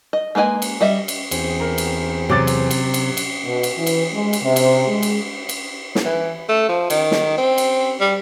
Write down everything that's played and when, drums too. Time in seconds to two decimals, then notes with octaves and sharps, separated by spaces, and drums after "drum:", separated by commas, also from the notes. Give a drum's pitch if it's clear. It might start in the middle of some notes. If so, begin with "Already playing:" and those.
0.13 D#5
0.35 G#3 A#3 B4 D#5 G#5
0.62 drum: cymbal
0.81 G3 D#5 E5
1.08 drum: cymbal
1.31 E2 C4 G#4, drum: cymbal
1.60 A#4 A#5
1.78 drum: cymbal
2.30 C3 F#3 D6 A6
2.47 drum: cymbal
2.71 drum: cymbal
2.94 drum: cymbal
3.17 drum: cymbal
3.45 B2
3.63 drum: cymbal
3.77 E3
3.87 drum: cymbal
4.13 G#3
4.33 drum: cymbal
4.43 C3
4.56 drum: cymbal
4.87 G#3
5.03 drum: cymbal
5.49 drum: cymbal
5.95 drum: snare
6.05 E3
6.49 A3
6.69 F3
6.90 D#3, drum: cymbal
7.11 drum: snare
7.38 C4
7.58 drum: cymbal
8.00 G3